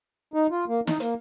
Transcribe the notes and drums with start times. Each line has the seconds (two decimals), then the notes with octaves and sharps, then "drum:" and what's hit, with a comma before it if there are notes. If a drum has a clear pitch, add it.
0.34 D#4
0.51 F4
0.68 A#3
0.87 D#4, drum: snare
1.00 A#3, drum: hi-hat